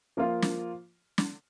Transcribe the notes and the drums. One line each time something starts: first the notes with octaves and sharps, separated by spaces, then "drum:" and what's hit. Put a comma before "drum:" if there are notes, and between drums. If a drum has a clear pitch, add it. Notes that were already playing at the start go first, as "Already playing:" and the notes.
F3 A#3 F4
drum: snare
drum: snare